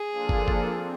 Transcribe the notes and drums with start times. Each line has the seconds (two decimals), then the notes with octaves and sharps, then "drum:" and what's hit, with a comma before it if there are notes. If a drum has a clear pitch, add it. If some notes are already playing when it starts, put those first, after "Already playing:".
Already playing: G#4
0.11 F3 A#3 D4 F4 A4
0.29 drum: kick
0.48 drum: kick
0.66 C4